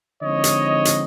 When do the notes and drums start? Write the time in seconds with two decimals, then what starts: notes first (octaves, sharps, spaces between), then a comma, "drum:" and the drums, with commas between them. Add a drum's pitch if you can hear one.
0.22 D3 F3 G#3 C4 D#4 C#5 D#5
0.44 drum: hi-hat
0.85 drum: hi-hat